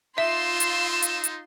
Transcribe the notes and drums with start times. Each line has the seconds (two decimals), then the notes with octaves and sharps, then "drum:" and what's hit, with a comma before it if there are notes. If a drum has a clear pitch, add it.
0.18 D#4 F4 E5 C6 E6
0.60 drum: hi-hat
1.03 drum: hi-hat
1.24 drum: hi-hat